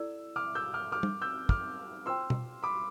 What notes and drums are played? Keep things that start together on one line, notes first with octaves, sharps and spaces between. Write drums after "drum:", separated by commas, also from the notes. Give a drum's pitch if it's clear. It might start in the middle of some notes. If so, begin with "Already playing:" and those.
Already playing: E4 A4 D5 E6
D6 F6
E6 G6
D6 F6
D6 F6
drum: tom G3
E6 G6
D6 F6, drum: kick
F4 C5 G5 C6 E6
drum: tom B2
B5 D6